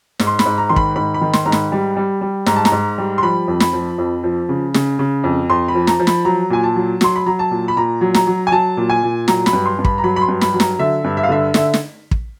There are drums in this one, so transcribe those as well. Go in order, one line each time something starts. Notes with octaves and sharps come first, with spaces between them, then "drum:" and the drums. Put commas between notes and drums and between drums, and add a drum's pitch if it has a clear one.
G#2, drum: snare
C6
B5, drum: snare
G#2
A#5
D#3 C6
B5, drum: kick
G#2 B5
B5
D#3
C6, drum: snare
G#2 A#5
B5, drum: snare
G3
G3
G3
G#2 A#5, drum: snare
A5
A#5, drum: snare
G#2
G3
C6
F3 B5
F2
B5, drum: snare
F3
F2
F3
C#3
C#3, drum: snare
C#3
F2
F2 C6
B5
F3
A#5, drum: snare
F3
B5, drum: snare
F#3 A#5
A#2 G#5
A5
F#3
F#3 C6, drum: snare
B5
F#3 A#5
A5
A#2
B5
A#2 A#5
F#3
A#5, drum: snare
F#3
G#5
F#3 A5
A#2
G#5
A#2
F#3 A#5, drum: snare
B5, drum: snare
G2
C6
G2
B5, drum: kick
A#5
F#3 B5
B5
C6
G2
B5, drum: snare
F#3
A#5, drum: snare
D3 E5
G2
E5
F5
D3 E5
D3 E5, drum: snare
drum: snare
drum: kick